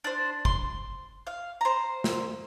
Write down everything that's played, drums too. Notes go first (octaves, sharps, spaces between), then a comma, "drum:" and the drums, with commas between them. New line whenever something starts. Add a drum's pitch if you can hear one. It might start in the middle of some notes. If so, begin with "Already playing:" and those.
D4 C5
C6, drum: kick
F5
C5 A#5
drum: snare